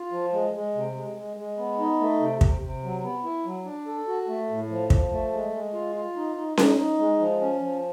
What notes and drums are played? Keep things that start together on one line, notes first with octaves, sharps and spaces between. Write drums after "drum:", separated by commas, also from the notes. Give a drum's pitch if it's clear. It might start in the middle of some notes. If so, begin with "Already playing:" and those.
Already playing: F4
F3
G#3
G#3
C3
G#3
G#3
G#3
B3
D#4
A3
C3
C3, drum: kick
C3
F#3
B3
E4
F#3
D4
A4
F#4
A3
A2
F3
F3, drum: kick
A3
G#3
G#3
F4
F4
D#4
D#4
D#4, drum: snare C#4
D#4
G#3
F3
C#4
F3